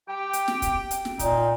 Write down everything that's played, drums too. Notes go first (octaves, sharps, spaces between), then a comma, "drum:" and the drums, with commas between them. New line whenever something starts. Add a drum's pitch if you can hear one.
G4 G5
drum: hi-hat
drum: snare
drum: kick, hi-hat
drum: hi-hat
drum: snare
A#2 D#4, drum: kick, hi-hat